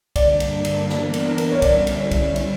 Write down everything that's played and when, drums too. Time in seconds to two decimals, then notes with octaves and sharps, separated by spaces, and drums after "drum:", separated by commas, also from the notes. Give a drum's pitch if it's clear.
0.16 G2 D3 A#3 D4 D5, drum: kick, cymbal
0.40 drum: cymbal
0.65 drum: cymbal
0.89 E3 B3 D4 A#4, drum: snare
1.14 drum: cymbal
1.38 drum: cymbal
1.52 C#5
1.62 D3 G3 C#4 E4 D5, drum: kick, cymbal
1.87 drum: cymbal
2.11 drum: kick, cymbal
2.36 drum: cymbal